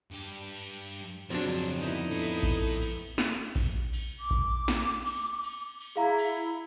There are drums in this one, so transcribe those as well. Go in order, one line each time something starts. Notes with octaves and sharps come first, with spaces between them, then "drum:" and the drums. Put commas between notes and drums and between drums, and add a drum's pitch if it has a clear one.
G2 G4
drum: cymbal
drum: cymbal
F2 C#3 F3 F#3 D4, drum: cymbal
D3 B3 D#4 E4
A2 A4
drum: kick A#1, cymbal
drum: cymbal
drum: snare
drum: kick A#1, cymbal
drum: cymbal
D6
drum: kick A#1
drum: snare
drum: cymbal
drum: cymbal
drum: cymbal
E4 G#4 F5 A#5
drum: cymbal